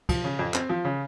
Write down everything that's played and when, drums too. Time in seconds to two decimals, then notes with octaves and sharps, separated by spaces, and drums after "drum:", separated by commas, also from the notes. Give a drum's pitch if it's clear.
0.09 F3, drum: kick, cymbal
0.24 C#3
0.39 F2
0.54 C4, drum: clap
0.69 F3
0.85 C#3